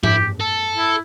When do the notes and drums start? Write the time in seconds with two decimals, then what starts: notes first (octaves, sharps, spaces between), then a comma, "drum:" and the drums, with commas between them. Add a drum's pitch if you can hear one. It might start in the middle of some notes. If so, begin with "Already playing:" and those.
0.03 E4 G4, drum: tom G#2
0.40 A4
0.77 E4